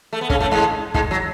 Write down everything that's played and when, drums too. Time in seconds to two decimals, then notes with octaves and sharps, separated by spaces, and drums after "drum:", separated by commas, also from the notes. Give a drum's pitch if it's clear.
0.13 A3
0.21 B3
0.30 C#3 C#4, drum: kick
0.40 A2 A3
0.51 G#2 G#3
0.94 G#2 G#3, drum: kick
1.11 F#3